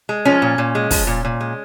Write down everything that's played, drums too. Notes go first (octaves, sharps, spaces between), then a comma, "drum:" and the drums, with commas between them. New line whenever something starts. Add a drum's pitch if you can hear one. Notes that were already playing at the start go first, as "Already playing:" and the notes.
G#3
F3 C#4
A#2
A#2
G#3
F3, drum: kick, open hi-hat
A#2
A#2
G#3